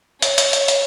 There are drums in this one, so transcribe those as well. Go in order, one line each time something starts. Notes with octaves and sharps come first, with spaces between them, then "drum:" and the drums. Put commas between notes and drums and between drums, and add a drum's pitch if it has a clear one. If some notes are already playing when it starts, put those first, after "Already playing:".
C#5, drum: hi-hat
drum: hi-hat
drum: hi-hat
drum: hi-hat